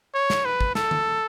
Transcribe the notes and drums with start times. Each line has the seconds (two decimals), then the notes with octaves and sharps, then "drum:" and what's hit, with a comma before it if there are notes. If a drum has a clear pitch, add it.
0.14 C#5
0.30 drum: snare
0.45 B4
0.61 drum: kick
0.75 A4, drum: snare
0.91 drum: tom D3